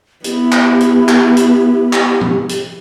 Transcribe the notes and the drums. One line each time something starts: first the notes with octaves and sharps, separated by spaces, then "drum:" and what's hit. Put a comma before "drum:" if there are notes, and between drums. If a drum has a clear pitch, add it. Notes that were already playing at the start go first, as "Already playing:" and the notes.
B3 E4 G4, drum: hi-hat
drum: clap
drum: hi-hat
drum: clap
drum: hi-hat
drum: clap
drum: tom
drum: hi-hat